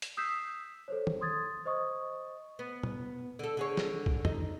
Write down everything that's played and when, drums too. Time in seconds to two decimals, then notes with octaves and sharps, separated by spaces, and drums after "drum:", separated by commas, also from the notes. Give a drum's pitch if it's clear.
0.02 drum: hi-hat
0.17 D#6 E6 G6 B6 C7 E7
0.88 A4 C5 C#5
1.07 drum: tom
1.21 C6 D#6 G#6 A6
1.66 C5 D#5 C#6 D#6
2.59 B3
2.83 drum: tom B2
3.39 D3 A4
3.57 D3 G#4 C#5
3.77 drum: snare
4.06 drum: kick B1
4.25 D#4, drum: tom